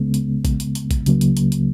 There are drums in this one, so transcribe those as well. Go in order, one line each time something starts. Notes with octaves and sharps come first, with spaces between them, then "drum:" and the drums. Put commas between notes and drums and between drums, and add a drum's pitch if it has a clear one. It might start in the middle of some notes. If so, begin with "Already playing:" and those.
Already playing: C#2 C#3 G#3 B3
drum: hi-hat
drum: kick, hi-hat
drum: hi-hat
drum: hi-hat
drum: kick, hi-hat
C#2 C#3 F#3 A#3, drum: hi-hat
drum: hi-hat
drum: hi-hat
drum: hi-hat